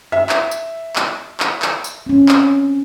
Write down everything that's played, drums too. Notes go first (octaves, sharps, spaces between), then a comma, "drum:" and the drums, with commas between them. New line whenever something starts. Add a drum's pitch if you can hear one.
E5
drum: clap
drum: tambourine
drum: clap
drum: clap
drum: clap
drum: tambourine
C4 C#4
drum: clap